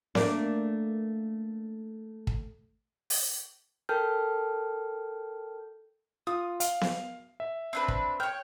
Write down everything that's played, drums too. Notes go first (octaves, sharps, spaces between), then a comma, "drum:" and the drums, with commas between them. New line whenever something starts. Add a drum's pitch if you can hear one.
A3 A#3 D4, drum: snare B3
drum: kick
drum: open hi-hat
A4 A#4 G5 A5 F6 G6
F4 D#6
F5, drum: hi-hat
drum: snare B3
E5
C4 D4 B4
drum: kick
C#5 G5 F6